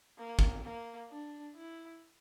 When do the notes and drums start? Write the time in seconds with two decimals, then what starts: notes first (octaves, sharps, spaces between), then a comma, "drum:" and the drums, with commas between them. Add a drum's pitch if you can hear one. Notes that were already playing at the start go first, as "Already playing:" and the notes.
0.18 A#3
0.39 drum: kick
0.64 A#3
1.10 D4
1.55 E4